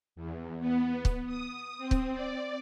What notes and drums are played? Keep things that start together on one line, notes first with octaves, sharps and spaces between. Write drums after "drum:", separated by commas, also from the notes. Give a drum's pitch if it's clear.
E2
B3
drum: kick
D#6
C4
drum: kick
D5